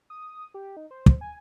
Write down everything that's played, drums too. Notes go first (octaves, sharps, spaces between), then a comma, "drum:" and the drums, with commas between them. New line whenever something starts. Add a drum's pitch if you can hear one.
D#6
G4
D#4
C5
drum: kick
G#5